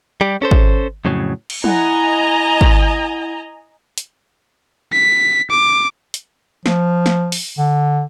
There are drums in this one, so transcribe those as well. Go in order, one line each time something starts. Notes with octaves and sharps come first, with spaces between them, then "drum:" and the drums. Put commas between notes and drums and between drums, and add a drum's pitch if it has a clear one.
G3 G4
C#4 A4 C5
drum: kick
F2 A2 C#3 F#3
drum: cymbal
E4 D#5 F#5 G#5 A#5, drum: tom
drum: kick
drum: hi-hat
B6
D6
drum: hi-hat
F3, drum: snare
drum: snare
drum: open hi-hat
D3